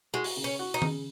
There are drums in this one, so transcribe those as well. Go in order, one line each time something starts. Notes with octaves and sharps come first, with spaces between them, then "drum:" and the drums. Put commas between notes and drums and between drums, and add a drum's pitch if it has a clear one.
G#3 F#4
drum: open hi-hat
C#3
C#4
F#4
D#4
C#3, drum: tom D#3